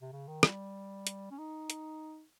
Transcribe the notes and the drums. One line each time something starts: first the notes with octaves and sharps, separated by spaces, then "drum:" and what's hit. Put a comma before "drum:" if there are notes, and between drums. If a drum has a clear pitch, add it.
C3
C#3
D#3
G3, drum: rim click
drum: hi-hat
C#4
D#4
drum: hi-hat